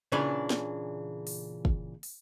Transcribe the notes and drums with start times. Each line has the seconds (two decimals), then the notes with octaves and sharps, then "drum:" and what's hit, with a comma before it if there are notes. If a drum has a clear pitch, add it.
0.12 A#2 C#3 E3 D4 B5
0.50 drum: snare
1.27 drum: open hi-hat
1.65 drum: kick
2.03 drum: open hi-hat